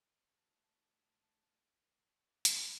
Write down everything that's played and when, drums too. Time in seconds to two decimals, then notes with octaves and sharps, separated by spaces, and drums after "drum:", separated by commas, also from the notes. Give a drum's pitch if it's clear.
0.24 D#3 A3 A5
2.45 drum: hi-hat